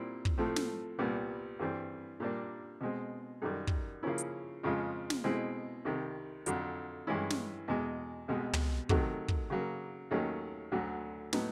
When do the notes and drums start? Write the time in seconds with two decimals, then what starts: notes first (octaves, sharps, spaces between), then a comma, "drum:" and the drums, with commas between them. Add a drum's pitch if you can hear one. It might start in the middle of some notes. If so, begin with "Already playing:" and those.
Already playing: A#2 G3 C4 E4
0.25 drum: kick
0.38 A2 F3 A3 C4
0.56 drum: snare
0.99 C2 A#2 G3 B3
1.59 G2 E3 G3 C4
2.20 A#2 G3 A#3 D4
2.81 B2 G#3 C4
3.42 F#2 D#3 G3
3.67 drum: kick
4.03 C#3 F3 A#3 C#4 E4
4.18 drum: hi-hat
4.63 F2 C#3 F3 G#3
5.10 drum: snare
5.24 B2 G#3 C4 E4
5.85 C2 C3 D#3
6.46 F2 D3 F#3, drum: hi-hat
7.07 G2 E3 G#3 C#4 E4
7.30 drum: snare
7.68 E2 B2 G#3
8.28 C2 B2 G#3
8.53 drum: tom
8.89 C3 D#3 F#3 A3, drum: kick
9.28 drum: kick
9.50 C#3 F#3 A#3
10.11 D#2 D#3 F#3 A3 C#4
10.72 D2 D3 F#3
11.33 A2 F#3 B3 D#4, drum: snare